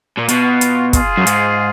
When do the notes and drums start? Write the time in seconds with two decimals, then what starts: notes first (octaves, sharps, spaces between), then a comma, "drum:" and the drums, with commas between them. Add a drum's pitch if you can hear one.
0.17 A#2
0.29 B2 F4, drum: hi-hat
0.61 drum: hi-hat
0.93 F4 G#4, drum: kick, hi-hat
1.17 F#2
1.27 G#2, drum: hi-hat